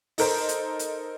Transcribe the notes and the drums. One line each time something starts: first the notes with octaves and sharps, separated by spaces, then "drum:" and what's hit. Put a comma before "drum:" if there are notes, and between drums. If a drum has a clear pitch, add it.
D#4 A4 A#4 C5, drum: open hi-hat
drum: hi-hat
drum: hi-hat